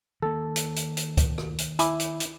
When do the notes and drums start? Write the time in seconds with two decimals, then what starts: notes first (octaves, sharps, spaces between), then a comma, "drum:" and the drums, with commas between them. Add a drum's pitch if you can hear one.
0.22 D#3 A#3 A4
0.56 drum: hi-hat
0.76 drum: hi-hat
0.97 drum: hi-hat
1.17 drum: kick C#2, hi-hat
1.38 drum: rim click
1.58 drum: hi-hat
1.79 E4 G#5 B5 D6, drum: hi-hat
2.00 drum: hi-hat
2.20 drum: hi-hat